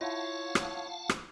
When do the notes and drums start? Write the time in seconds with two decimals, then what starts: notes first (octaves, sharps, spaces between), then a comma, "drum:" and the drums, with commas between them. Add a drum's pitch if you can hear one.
0.01 E4 F4 C#5 F5 F#5 A5
0.55 drum: rim click
1.09 drum: rim click